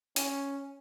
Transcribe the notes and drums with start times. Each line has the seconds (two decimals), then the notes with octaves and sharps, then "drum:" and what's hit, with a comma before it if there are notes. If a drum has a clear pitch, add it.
0.16 C#4, drum: hi-hat